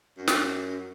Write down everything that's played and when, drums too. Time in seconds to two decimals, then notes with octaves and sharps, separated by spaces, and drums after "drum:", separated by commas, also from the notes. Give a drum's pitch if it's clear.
0.17 F#2
0.28 drum: snare